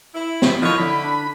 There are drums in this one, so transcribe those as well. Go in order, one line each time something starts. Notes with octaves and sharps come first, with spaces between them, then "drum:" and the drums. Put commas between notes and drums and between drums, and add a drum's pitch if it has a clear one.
E4
B6, drum: snare B3
D3 D#3 F3 D#4 E4 C#5
D3 B5
D4